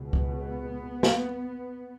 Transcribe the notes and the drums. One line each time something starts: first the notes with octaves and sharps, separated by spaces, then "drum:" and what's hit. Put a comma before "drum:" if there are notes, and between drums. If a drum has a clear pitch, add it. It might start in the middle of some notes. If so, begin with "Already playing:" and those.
Already playing: C#2 B2
B3, drum: kick C#2
drum: snare